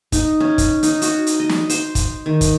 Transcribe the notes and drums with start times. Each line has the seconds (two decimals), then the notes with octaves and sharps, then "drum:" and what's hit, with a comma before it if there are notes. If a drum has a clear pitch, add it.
0.12 D#4, drum: kick, hi-hat
0.40 C#4
0.58 drum: kick, hi-hat
0.83 D#4, drum: hi-hat
1.02 F#4, drum: hi-hat
1.27 drum: hi-hat
1.40 D#5
1.49 drum: snare
1.70 C5, drum: hi-hat
1.95 drum: kick, hi-hat
2.26 D#3
2.41 drum: kick, hi-hat